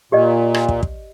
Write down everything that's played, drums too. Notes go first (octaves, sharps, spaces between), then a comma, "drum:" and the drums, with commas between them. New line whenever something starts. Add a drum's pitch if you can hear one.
A#2 G4 D5 D#5
drum: rim click
drum: kick
drum: kick